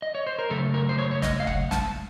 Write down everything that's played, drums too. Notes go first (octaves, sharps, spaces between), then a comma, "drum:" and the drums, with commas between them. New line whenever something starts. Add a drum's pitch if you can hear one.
D#5
C#5
C5
A#4
F#2 C#3 A3 A4
A#4
C5
C#5
C#5
D#5, drum: snare
F5
F#5, drum: kick F#1
A5, drum: snare